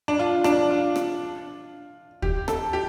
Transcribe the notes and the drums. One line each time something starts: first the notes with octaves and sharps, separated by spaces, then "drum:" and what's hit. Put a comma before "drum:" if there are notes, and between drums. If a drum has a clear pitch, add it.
D4
F4
D4, drum: rim click
F4
drum: rim click
G4, drum: kick
A4, drum: rim click
G4